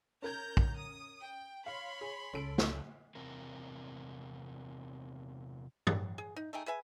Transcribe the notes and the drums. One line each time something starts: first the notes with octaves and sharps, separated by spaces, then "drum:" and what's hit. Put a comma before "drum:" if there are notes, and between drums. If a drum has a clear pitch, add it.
C#4 A#4 A#5 G6 G#6
drum: kick
D#6
G5
C#5 F5 B5 C6
G#4
C#2 C#4 A4 D7
drum: snare
E2 C3 C4 A#4
drum: tom G2
G#4
D#4
A3 D#4 G#4 G5
G#4 B4 E5 G#5